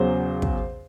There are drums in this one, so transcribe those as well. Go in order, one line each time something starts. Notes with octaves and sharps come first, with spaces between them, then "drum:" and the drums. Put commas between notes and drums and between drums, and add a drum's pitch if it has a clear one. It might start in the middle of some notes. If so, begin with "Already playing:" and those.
Already playing: E2 C#3 F#3 C5
drum: kick